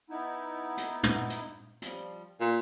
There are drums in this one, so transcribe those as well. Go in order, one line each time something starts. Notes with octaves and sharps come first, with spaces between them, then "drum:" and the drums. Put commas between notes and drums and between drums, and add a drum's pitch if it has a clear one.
B3 D#4 E4
drum: hi-hat
drum: tom
drum: hi-hat
F3 G3, drum: hi-hat
A#2 G4